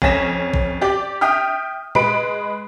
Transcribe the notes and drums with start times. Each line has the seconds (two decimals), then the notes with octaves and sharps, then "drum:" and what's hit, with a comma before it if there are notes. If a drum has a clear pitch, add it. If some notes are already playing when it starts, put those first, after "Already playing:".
0.02 F2 C#4 G#5 A#6 B6 E7, drum: kick A1
0.54 drum: kick A1
0.81 G4 D5 D6
1.21 E5 G5 D#6 F6
1.95 G#3 B4 B5 D7, drum: tom A#2